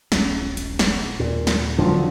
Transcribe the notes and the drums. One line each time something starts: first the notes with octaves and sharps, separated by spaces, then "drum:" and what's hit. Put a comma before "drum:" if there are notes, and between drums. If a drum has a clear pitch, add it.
D#1 A#1 C#4, drum: snare
drum: hi-hat
drum: snare
D#2 A#2
drum: snare
F2 D3 F3 F#3